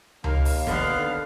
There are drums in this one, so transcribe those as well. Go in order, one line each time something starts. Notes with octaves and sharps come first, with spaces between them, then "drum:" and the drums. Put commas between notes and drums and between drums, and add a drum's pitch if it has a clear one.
D#2 A#3 F5, drum: tom C#2
drum: open hi-hat
D3 B3 F5, drum: snare